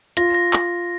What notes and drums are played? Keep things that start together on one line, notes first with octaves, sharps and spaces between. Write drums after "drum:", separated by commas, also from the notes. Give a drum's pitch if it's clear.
F4 A#6, drum: hi-hat
A#6
drum: clap